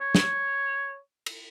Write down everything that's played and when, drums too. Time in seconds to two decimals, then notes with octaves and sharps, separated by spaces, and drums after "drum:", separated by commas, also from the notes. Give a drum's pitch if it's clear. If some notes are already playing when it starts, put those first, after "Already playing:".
0.01 C#5
0.15 drum: snare
1.26 drum: cymbal